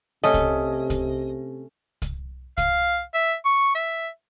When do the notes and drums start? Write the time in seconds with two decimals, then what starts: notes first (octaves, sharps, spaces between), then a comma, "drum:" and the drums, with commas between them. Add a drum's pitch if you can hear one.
0.24 C3 A3 C#4 D#5
0.34 drum: kick C2, hi-hat
0.90 drum: kick C2, hi-hat
2.02 drum: kick C2, hi-hat
2.58 F5, drum: kick C2, hi-hat
3.14 E5
3.45 C#6
3.75 E5